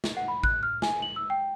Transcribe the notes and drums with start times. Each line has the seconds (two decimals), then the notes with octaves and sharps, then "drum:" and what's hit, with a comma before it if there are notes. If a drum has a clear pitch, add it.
0.04 drum: snare
0.17 F#5
0.28 B5
0.43 F#6, drum: kick A1
0.63 F6
0.82 G#5, drum: snare
1.02 F#7
1.16 E6
1.30 G5